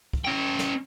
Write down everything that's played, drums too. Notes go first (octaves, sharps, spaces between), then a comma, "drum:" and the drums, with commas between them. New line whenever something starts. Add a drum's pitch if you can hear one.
drum: kick
C#4 G5
drum: snare